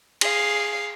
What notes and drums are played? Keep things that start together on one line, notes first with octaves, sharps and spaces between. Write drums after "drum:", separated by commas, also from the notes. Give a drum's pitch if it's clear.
G#4 F5, drum: cymbal